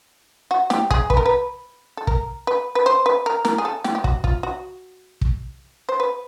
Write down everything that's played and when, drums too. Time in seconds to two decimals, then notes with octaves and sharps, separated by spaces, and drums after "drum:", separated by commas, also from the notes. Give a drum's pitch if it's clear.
0.51 F#4
0.70 G4, drum: snare
0.91 G#4, drum: kick
1.10 B4, drum: kick
1.17 A#4
1.26 B4
1.97 A4
2.07 A#4, drum: kick
2.47 B4
2.75 B4
2.86 C5
3.06 B4
3.26 A#4
3.45 A#4, drum: snare
3.58 G#4
3.65 A4
3.84 G4, drum: snare
3.95 G4
4.04 F#4, drum: kick
4.24 F4, drum: kick
4.43 F#4
5.21 drum: kick
5.89 C5
6.00 B4